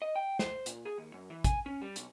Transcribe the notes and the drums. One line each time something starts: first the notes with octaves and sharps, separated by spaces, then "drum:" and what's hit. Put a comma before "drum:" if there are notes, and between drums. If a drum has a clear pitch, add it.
D#5
G5
C5, drum: snare
A#2, drum: hi-hat
G#4
D#2
F#2
E3
G#5, drum: kick, hi-hat
C#4
G3
B1, drum: hi-hat